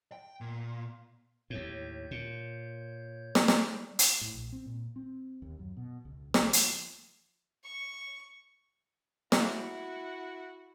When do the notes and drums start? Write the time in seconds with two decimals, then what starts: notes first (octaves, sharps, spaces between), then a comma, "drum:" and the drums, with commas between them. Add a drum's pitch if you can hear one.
0.12 G5
0.41 A#2
1.50 D#2 A2 C#5 G6
2.11 A#2
3.35 drum: snare
3.48 G3, drum: snare
3.99 drum: hi-hat
4.21 A2
4.34 A#1
4.52 C4
4.66 A#2
4.96 C4
5.42 D#2
5.59 F#2
5.77 B2
6.05 C#2
6.34 C#2, drum: snare
6.53 F3, drum: hi-hat
7.63 C#6
9.32 E4 F#4, drum: snare